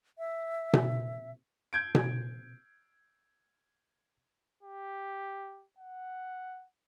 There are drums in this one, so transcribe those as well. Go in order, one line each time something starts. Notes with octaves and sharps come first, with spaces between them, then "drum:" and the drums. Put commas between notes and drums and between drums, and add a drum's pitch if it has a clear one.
E5
drum: tom B2
G6 G#6 D7
drum: tom B2
G4
F#5